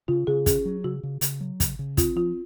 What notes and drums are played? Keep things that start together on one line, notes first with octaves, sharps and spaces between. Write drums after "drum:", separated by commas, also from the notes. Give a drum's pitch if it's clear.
C#3 F4
C#3 G#4
C#4 G#4, drum: kick, hi-hat
F#3
C#3 F#4
C#3
C#3, drum: hi-hat
F#3
C#3, drum: kick, hi-hat
C#3
C4 F4, drum: kick, hi-hat
F3 F4